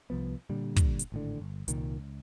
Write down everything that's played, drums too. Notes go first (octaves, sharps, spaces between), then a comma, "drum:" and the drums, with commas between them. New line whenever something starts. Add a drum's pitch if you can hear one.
C2 F3 B3
A#2 D3 G3
drum: kick, hi-hat
drum: hi-hat
G#1 A2 D3
G1
C2 A#2 D#3, drum: hi-hat
C#2